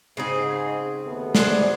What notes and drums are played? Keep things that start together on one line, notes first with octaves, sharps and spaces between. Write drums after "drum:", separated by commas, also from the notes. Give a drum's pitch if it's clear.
G#2 C#3 C4 G#4
D#2 A3 B3
D4 G#4 C5, drum: snare